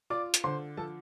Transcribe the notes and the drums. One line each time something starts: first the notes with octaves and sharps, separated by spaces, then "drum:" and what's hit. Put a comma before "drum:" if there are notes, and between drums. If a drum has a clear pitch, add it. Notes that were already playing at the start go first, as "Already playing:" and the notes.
F4 D5 D6
drum: hi-hat
D3 C5 C6
F3 A4 A5